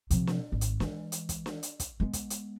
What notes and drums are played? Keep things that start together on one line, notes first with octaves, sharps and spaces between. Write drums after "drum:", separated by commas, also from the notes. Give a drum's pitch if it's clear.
C3 F3, drum: hi-hat
drum: snare
G#1
drum: hi-hat
E3 G#3, drum: snare
drum: hi-hat
drum: kick, hi-hat
drum: snare
drum: hi-hat
drum: kick, hi-hat
G#3 B3
drum: kick, hi-hat
drum: hi-hat